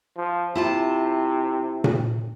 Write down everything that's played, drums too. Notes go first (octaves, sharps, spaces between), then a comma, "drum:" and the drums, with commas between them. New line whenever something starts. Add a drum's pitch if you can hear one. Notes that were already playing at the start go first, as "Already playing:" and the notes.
F3
C3 E4 F4 A5
drum: tom A#2